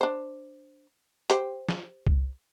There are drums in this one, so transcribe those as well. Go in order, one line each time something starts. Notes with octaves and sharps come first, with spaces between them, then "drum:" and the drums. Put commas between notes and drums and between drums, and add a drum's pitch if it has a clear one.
D4 C5
G4 C5, drum: hi-hat
drum: snare
drum: kick C2